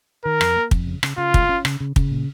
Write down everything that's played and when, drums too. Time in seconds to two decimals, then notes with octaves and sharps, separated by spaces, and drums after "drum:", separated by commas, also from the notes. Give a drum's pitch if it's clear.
0.25 D#3 A#4
0.41 F2, drum: rim click
0.56 A#3
0.71 F2, drum: kick
0.87 C#3
1.03 C#3, drum: rim click
1.18 C#3 F4
1.34 G#3, drum: kick
1.49 C#4
1.65 C#3, drum: rim click
1.80 C#3
1.96 C#3, drum: kick
2.11 A#2